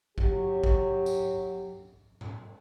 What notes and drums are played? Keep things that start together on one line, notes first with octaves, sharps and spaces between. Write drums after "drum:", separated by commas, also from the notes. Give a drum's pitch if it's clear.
F#3 G4, drum: kick
drum: kick
drum: tambourine
drum: tom A2